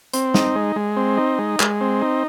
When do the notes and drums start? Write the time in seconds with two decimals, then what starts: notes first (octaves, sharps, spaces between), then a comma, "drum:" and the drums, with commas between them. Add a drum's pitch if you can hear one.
0.13 C4, drum: hi-hat
0.34 D#4, drum: snare
0.55 G#3
0.76 G#3
0.96 C4
1.17 D#4
1.39 G#3
1.60 G#3, drum: clap
1.81 C4
2.01 D#4